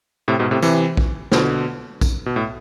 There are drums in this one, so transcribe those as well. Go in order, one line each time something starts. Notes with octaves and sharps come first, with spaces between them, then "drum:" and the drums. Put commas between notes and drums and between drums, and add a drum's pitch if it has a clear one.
A2 C3
G#2 B2
A2 C3
C3 E3, drum: tambourine
drum: kick A#1
B2 D3, drum: snare
drum: kick A#1, tambourine
B2
A2